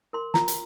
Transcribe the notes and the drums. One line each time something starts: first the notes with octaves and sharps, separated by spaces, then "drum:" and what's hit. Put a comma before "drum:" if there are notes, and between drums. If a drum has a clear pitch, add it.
A#4 C6
F4 A#5, drum: snare
drum: hi-hat